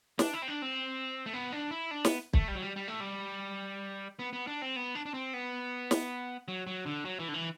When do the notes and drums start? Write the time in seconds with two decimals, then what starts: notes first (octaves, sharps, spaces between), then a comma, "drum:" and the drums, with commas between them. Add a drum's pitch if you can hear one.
0.19 D4, drum: snare
0.34 E4
0.42 C4
0.48 D4
0.62 C4
1.26 A3
1.34 B3
1.52 D4
1.71 E4
1.91 D4
2.05 B3, drum: snare
2.34 A3, drum: kick
2.48 G3
2.55 F#3
2.62 G3
2.76 G3
2.88 A3
3.00 G3
4.19 B3
4.33 B3
4.47 D4
4.62 C4
4.76 B3
4.95 D4
5.06 D4
5.14 C4
5.34 B3
5.91 drum: snare
6.48 F#3
6.67 F#3
6.86 D3
7.05 F#3
7.19 E3
7.28 D3
7.34 E3